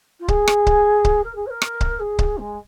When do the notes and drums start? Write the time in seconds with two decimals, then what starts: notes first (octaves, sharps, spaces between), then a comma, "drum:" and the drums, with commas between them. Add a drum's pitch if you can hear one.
0.20 F4
0.28 G#4, drum: kick C#1
0.48 drum: rim click
0.67 drum: kick C#1
1.05 drum: kick C#1
1.24 A#4
1.35 G#4
1.46 C#5
1.50 A#4
1.62 drum: rim click
1.81 drum: kick C#1
1.99 G#4
2.19 drum: kick C#1
2.38 G#3